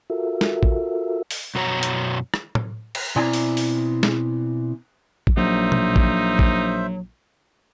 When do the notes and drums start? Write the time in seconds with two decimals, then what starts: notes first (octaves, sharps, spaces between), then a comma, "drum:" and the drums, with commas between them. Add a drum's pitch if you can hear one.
0.10 F4 F#4 A4 A#4 E5
0.41 drum: snare
0.63 drum: kick
1.31 drum: open hi-hat
1.55 F#2 B2 F#4 C#5 A#5
1.83 drum: hi-hat
2.34 drum: rim click
2.55 drum: tom A2
2.95 drum: cymbal
3.16 B2 C4 E4 D5 G#5 A#5
3.33 drum: open hi-hat
3.57 drum: open hi-hat
4.03 drum: snare
5.27 drum: kick
5.37 A#1 F#3 D#4 C5 E5
5.72 drum: tom B2
5.96 drum: kick
6.39 drum: kick